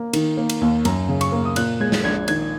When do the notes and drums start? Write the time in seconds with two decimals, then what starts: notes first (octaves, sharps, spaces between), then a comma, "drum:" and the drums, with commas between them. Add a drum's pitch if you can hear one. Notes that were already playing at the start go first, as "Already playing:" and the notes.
Already playing: A#3
0.13 D#3, drum: cymbal
0.37 A#3
0.49 drum: cymbal
0.61 D#2
0.85 F#2 A#5, drum: cymbal
1.09 C#3
1.21 C#6, drum: cymbal
1.32 A#3
1.45 D#6
1.56 A#2 F#6, drum: cymbal
1.80 G#3 G#6
1.92 drum: snare
2.04 A#1 G#6
2.28 D#3 G#6, drum: cymbal